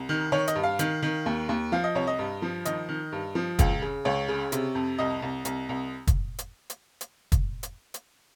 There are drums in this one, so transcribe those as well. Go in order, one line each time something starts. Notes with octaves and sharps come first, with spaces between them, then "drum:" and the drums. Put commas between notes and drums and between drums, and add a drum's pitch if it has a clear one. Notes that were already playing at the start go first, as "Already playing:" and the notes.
Already playing: C2
D#3
D#3 C#5
D#5, drum: hi-hat
G2
F5
D#3, drum: hi-hat
D#3
D#2
D#2
F3 F5
D#5
C2 C#5
D#5
G2
F3
D#3 D#5, drum: hi-hat
D#3
G2
F3
C#2, drum: kick, hi-hat
C#3
C#2 C#5
C#3
C3, drum: hi-hat
F2
C2 D#5
C2
C2, drum: hi-hat
C2
drum: kick, hi-hat
drum: hi-hat
drum: hi-hat
drum: hi-hat
drum: kick, hi-hat
drum: hi-hat
drum: hi-hat